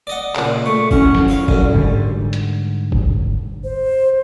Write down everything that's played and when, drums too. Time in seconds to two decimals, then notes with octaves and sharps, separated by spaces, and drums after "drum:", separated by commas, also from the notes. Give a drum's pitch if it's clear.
0.07 D5 D#5 F#5
0.35 A#2 C#3, drum: clap
0.66 A3 C#6
0.91 C#4 E4 F#4, drum: kick F#1
1.15 drum: snare
1.28 E4 C#5 F5
1.48 F#2 D3, drum: kick F#1
1.73 G#2 D3 G3
2.33 drum: hi-hat
2.92 drum: kick F#1
3.64 C5